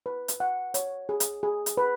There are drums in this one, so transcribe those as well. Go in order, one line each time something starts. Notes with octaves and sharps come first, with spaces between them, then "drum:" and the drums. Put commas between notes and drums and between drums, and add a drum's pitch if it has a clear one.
B4
drum: hi-hat
F#5
C#5, drum: hi-hat
G#4
drum: hi-hat
G#4
drum: hi-hat
B4